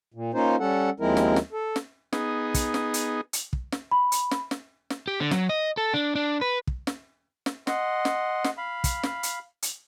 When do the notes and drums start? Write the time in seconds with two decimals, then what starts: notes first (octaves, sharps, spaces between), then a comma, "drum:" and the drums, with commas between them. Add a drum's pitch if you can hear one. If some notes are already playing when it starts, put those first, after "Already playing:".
0.14 A#2
0.34 A#3 C#4 D#4 F4 C5
0.59 G3 C#4 A4 F#5
1.00 D#2 F3 G#3 C4 E4 A#4
1.17 drum: snare
1.36 drum: snare
1.53 A4
1.76 drum: snare
2.13 B3 D#4 G#4, drum: snare
2.54 drum: kick, hi-hat
2.74 drum: snare
2.94 drum: hi-hat
3.33 drum: hi-hat
3.53 drum: kick
3.72 drum: snare
3.91 B5
4.12 drum: hi-hat
4.31 drum: snare
4.51 drum: snare
4.90 drum: snare
5.08 G4
5.20 D3
5.31 F#3, drum: snare
5.49 D#5
5.77 A4
5.94 D4
6.15 D4
6.41 B4
6.67 drum: kick
6.87 drum: snare
7.46 drum: snare
7.67 D#5 F#5 C6, drum: snare
8.05 drum: snare
8.44 drum: snare
8.57 F5 B5
8.84 drum: kick, hi-hat
9.03 drum: snare
9.23 drum: hi-hat
9.62 drum: hi-hat